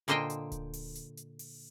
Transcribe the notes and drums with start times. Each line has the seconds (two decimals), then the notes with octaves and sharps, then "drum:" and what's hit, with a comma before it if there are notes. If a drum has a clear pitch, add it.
0.08 A#2 D3 A#3 C5 D#5 G5, drum: hi-hat
0.30 drum: hi-hat
0.52 drum: kick D1, hi-hat
0.73 drum: open hi-hat
0.95 drum: hi-hat
1.17 drum: hi-hat
1.39 drum: open hi-hat